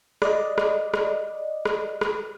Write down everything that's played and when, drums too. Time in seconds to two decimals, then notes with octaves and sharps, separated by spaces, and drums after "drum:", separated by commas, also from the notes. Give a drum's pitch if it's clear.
0.22 D5 D#5, drum: rim click
0.58 drum: rim click
0.94 drum: rim click
1.65 drum: rim click
2.01 drum: rim click